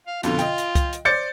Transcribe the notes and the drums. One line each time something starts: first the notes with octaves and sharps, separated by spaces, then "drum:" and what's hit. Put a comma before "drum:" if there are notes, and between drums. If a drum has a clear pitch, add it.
F5
F2 B2 D3 F4, drum: hi-hat
D#5 G5, drum: hi-hat
drum: hi-hat
drum: kick C2, hi-hat
drum: hi-hat
C5 D5 G6 A6 C#7